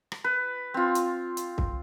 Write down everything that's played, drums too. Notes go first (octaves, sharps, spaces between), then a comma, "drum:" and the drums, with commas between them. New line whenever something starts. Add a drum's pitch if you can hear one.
drum: rim click
B4
C4 F4
drum: hi-hat
drum: hi-hat
drum: kick C2